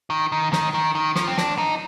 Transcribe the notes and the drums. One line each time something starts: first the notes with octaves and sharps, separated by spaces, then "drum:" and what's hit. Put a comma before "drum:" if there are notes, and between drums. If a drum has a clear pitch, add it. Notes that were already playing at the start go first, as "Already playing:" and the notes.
D#3
D#3
D#3, drum: snare
D#3
D#3
F3, drum: snare
C4
D4, drum: snare
D#4